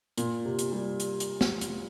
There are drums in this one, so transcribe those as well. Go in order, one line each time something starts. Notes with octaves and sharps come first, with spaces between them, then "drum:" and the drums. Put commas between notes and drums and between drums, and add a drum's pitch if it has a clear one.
A#2, drum: hi-hat
C3
drum: hi-hat
G3
drum: hi-hat
drum: hi-hat
drum: snare
drum: hi-hat